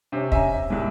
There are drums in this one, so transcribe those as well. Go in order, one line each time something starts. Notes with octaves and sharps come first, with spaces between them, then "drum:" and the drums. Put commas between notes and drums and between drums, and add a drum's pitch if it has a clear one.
C3 C#4
E5 G#5 A#5, drum: kick
C2 G#2